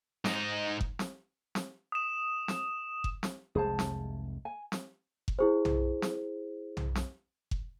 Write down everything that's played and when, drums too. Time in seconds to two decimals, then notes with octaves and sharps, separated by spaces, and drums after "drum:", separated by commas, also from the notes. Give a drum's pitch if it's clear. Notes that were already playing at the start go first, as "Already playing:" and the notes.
0.25 G#2 D#4, drum: snare
0.81 drum: kick F#1
0.99 drum: snare
1.55 drum: snare
1.92 D#6 E7
2.48 drum: snare
3.04 drum: kick F#1
3.23 drum: snare
3.55 F1 C2 G#3 G#4 C5 A5
3.79 drum: snare
4.45 G#5
4.72 drum: snare
5.28 drum: kick F#1
5.39 E4 G#4 C5
5.65 drum: tom B1
6.02 drum: snare
6.77 drum: tom B1
6.95 drum: snare
7.51 drum: kick F#1